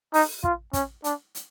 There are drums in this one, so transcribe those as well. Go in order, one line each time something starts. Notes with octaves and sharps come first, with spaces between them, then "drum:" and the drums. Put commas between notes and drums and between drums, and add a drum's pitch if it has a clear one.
D#4, drum: open hi-hat
F4, drum: kick
C#4, drum: kick, hi-hat
D4, drum: hi-hat
drum: hi-hat